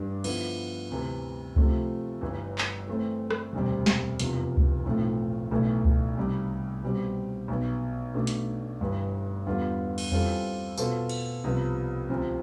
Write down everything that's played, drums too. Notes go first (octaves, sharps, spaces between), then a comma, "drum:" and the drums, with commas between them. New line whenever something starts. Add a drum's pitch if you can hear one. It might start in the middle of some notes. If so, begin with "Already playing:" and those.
Already playing: G2 E3 G3 D4
D3 F3 B3 E4, drum: cymbal
D2 C3 E3
C3 F3 A3 C4, drum: kick C#2
G1 G2 E3
drum: clap
E3 A3 C4
drum: rim click
E1 D2 C3 G3 C4
drum: snare
F1 E2 C3 F3, drum: hi-hat
drum: kick C#2
B1 A2 F3 A3 C4
B1 A2 E3 A3
drum: kick C#2
C2 C3 G3
B2 G3 C4
B1 B2 B3
B2 A3 D4
drum: hi-hat
G1 G2 E3
E2 D3 G3 B3 F4
drum: cymbal
E3 G3 C4 F4 A4, drum: tom E2
B2 B3 F4 A4 C5, drum: tambourine
drum: cymbal
C2 C3 F3 B3
D2 C3 F3 C4